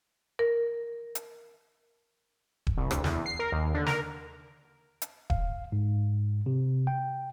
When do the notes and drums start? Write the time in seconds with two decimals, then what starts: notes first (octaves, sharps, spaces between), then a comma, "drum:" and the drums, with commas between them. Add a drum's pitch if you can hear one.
0.39 A#4
1.15 drum: hi-hat
2.67 drum: kick D#1
2.77 C2
2.91 D2, drum: rim click
3.04 E2, drum: snare
3.26 C7
3.39 A#4
3.52 D#2
3.74 D3
3.86 A#4, drum: snare
5.02 drum: hi-hat
5.30 F5, drum: kick D#1
5.72 G#2
6.46 C3
6.87 G5